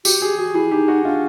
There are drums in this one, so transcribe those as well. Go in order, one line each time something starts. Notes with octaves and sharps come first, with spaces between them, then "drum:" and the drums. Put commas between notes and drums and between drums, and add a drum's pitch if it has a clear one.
F#4 G4, drum: tambourine
G4 G#4
F#4 G#4
E4 G#4
D#4 G4
F#4
D4 F4